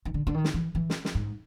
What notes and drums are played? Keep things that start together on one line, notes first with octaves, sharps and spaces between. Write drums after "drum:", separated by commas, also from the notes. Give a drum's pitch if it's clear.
D#3
D3
D3
D#3
drum: snare
E3
E3
drum: snare
drum: snare
G#2